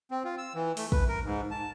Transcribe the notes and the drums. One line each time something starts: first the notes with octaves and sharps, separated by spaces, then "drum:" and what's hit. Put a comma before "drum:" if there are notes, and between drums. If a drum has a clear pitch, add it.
C4
F4
E6
E3
A3, drum: open hi-hat
B4, drum: kick
A#4
G#2
A5